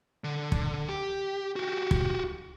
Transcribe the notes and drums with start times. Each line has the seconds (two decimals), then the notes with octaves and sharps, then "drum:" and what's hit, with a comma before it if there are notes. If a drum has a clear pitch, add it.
0.24 D3
0.52 drum: kick
0.89 G4
1.56 F#4 G4
1.91 drum: kick